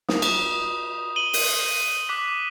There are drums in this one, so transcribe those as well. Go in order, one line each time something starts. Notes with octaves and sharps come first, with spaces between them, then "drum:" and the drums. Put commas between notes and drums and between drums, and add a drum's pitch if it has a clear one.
D#6, drum: snare
drum: cymbal
D#7 F#7 G7
drum: open hi-hat
D6 F#6 B6